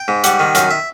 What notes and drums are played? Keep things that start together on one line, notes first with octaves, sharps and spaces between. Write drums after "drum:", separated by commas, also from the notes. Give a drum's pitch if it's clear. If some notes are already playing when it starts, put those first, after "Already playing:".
Already playing: G5
G#2
G3 F#5, drum: hi-hat
D#3
F#2 F5, drum: hi-hat
E5